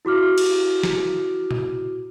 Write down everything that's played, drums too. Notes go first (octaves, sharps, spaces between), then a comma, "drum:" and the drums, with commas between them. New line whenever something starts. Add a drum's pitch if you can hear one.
E4 F#4 D6 F6
drum: cymbal
drum: snare
drum: tom A#2